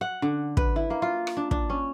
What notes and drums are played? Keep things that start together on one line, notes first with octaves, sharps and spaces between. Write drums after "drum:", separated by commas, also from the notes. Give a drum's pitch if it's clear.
F#5
D3
B4, drum: kick
E4
A#3
F4
drum: rim click
D4
D4, drum: kick
C#4